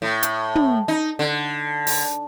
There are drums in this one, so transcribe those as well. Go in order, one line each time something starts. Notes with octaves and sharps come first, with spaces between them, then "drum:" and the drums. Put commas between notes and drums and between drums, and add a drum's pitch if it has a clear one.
A2
drum: hi-hat
drum: tom
D#4
D3
drum: open hi-hat